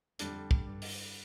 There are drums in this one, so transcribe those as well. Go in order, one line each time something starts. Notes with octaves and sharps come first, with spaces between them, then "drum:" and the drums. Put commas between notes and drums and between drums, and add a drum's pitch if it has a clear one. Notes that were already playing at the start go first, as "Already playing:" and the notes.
F2 D3 G3 D4, drum: hi-hat
drum: kick
G2
drum: open hi-hat